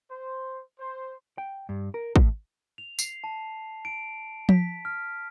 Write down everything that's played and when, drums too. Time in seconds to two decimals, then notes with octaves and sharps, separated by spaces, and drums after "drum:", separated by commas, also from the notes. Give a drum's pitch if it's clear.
0.11 C5
0.80 C5
1.38 G5
1.69 G2
1.94 A#4
2.16 A2, drum: kick
2.78 F7
2.99 C7, drum: tambourine
3.24 A5
3.85 D7
4.49 B6, drum: tom F3
4.85 F6